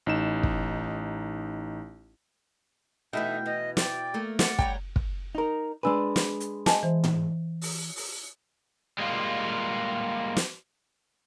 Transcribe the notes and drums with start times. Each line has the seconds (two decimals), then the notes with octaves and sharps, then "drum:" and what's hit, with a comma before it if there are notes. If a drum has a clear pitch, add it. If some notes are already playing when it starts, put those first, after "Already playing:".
0.06 A1 D#4 E7
0.43 drum: kick
3.13 B2 E3 A3 D#4 E5 G5
3.46 E3 D#5
3.77 D5 G5, drum: snare
4.14 A3 A#3 A#4
4.39 D5 F#5, drum: snare
4.59 G3 C#5 G5 A#5, drum: kick
4.96 drum: kick
5.35 D#4 A#4
5.83 G#3 D4 B4 G#5 E6
6.16 drum: snare
6.40 drum: hi-hat
6.66 D#5 G#5 A5, drum: snare
6.83 E3 C5
7.04 drum: tom
7.62 drum: open hi-hat
7.96 drum: open hi-hat
8.98 G3 G#3 A#3 F4
10.37 drum: snare